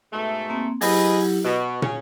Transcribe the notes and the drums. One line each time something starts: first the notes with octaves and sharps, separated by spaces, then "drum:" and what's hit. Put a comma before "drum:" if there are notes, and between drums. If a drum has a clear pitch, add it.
G#2 B2 A3
A#3 C4
F#3 E4 G4 G#4 B4 D#5, drum: open hi-hat
B2 C#6
C#3 C#4, drum: tom